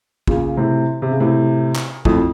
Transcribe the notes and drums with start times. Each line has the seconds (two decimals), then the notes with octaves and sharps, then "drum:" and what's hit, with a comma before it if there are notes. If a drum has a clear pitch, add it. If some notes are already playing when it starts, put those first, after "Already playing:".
0.27 A#2 C#3, drum: kick
0.57 A2 C3
1.02 C3
1.11 C#3
1.20 A2 C3
1.76 drum: clap
2.05 F2 A2, drum: kick